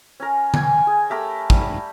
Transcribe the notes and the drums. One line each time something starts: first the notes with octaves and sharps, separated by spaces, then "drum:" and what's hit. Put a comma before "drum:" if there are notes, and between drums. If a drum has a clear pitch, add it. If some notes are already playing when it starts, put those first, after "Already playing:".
C#4 A#4
G5 G#5, drum: tom D3
G#4
A3 G4 A#4 B5
G3, drum: kick